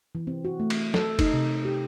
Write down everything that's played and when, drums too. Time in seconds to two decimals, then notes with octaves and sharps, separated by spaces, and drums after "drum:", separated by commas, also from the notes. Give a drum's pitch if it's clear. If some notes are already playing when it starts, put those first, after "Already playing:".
0.15 E3
0.27 C4
0.45 F#4
0.60 A3
0.70 drum: cymbal
0.94 A4, drum: snare
1.19 D#4, drum: kick F#1, cymbal
1.33 C3
1.65 G4